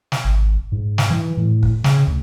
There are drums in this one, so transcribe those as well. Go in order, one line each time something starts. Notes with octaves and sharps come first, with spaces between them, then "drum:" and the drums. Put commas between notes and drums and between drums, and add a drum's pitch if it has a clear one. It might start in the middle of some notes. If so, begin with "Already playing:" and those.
drum: snare
G#1
G#2
drum: snare
E3
A2
drum: kick
C#3, drum: snare
D2